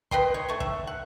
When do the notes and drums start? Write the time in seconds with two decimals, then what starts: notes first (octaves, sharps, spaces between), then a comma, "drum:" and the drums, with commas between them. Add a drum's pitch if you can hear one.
0.11 B4 D#5 G5 C6, drum: kick
0.34 C#5
0.49 A3 C#6
0.60 E5, drum: kick
0.87 F#5